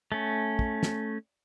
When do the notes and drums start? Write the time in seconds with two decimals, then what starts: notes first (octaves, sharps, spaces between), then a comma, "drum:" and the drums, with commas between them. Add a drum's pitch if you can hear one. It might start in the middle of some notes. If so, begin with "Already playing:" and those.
0.12 A3 C#4
0.59 drum: kick
0.83 drum: snare